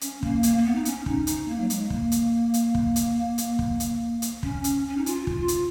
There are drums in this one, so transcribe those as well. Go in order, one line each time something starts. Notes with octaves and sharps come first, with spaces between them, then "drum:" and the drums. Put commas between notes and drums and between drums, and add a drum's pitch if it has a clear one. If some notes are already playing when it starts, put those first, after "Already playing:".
C#4, drum: hi-hat
A#3, drum: kick
A#3, drum: hi-hat
A#3
B3
D#4
C#4, drum: hi-hat
D#4, drum: kick
D#4, drum: hi-hat
A#3
F#3
G#3, drum: hi-hat
A#3, drum: kick
drum: hi-hat
drum: hi-hat
drum: kick
drum: hi-hat
drum: hi-hat
drum: kick
drum: hi-hat
drum: hi-hat
C#4, drum: kick
drum: hi-hat
C#4
D#4
F4, drum: hi-hat
drum: kick
drum: hi-hat